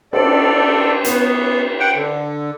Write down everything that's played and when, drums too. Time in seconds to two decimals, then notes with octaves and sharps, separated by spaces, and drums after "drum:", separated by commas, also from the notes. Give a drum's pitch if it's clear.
0.13 A4 D5, drum: cymbal
1.04 B3, drum: hi-hat
1.80 F#5 G5
1.95 D3